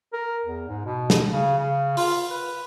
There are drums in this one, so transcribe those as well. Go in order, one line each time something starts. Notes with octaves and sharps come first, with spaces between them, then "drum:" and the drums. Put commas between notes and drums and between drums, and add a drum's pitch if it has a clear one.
A#4
E2
G#2
B2
drum: snare
C#3
C#3
F4, drum: open hi-hat
B4